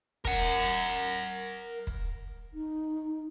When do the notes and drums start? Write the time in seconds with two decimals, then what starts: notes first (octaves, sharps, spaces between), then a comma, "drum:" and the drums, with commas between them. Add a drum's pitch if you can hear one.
0.25 A#4 F#5, drum: kick
1.87 drum: kick
2.54 D#4